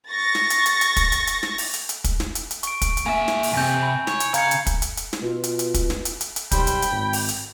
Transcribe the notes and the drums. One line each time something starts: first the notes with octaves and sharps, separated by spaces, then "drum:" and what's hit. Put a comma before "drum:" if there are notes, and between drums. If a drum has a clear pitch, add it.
C#6 A6 A#6
drum: snare
drum: hi-hat
drum: hi-hat
drum: hi-hat
drum: kick, hi-hat
drum: hi-hat
drum: hi-hat
drum: snare
drum: open hi-hat
drum: hi-hat
drum: hi-hat
drum: kick, hi-hat
drum: snare
drum: hi-hat
drum: hi-hat
C#6 D7, drum: hi-hat
drum: kick, hi-hat
drum: hi-hat
A#2 E5 G#5
drum: snare
drum: open hi-hat
D#2 C3 G#5 G6
B5
C#5, drum: snare
drum: hi-hat
C#3 F5 A#5 G#6 C#7, drum: hi-hat
drum: hi-hat
drum: kick, hi-hat
drum: hi-hat
drum: hi-hat
drum: snare
B2 F4
drum: hi-hat
drum: hi-hat
drum: kick, hi-hat
drum: snare
drum: hi-hat
drum: hi-hat
drum: hi-hat
B1 G3 C5 G5 B5, drum: kick, hi-hat
drum: hi-hat
drum: hi-hat
G#1
drum: open hi-hat
drum: hi-hat